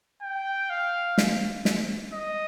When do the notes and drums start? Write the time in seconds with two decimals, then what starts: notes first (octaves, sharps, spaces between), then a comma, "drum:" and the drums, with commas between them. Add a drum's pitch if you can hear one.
0.22 G5
0.70 F5
1.18 drum: snare
1.65 drum: snare
2.13 D#5